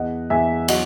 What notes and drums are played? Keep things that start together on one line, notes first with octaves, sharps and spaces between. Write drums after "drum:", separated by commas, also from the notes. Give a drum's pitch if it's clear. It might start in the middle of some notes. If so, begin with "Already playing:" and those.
Already playing: E2 D#5 F#5
E2 E5 G#5
F#3 D#5 F#5, drum: cymbal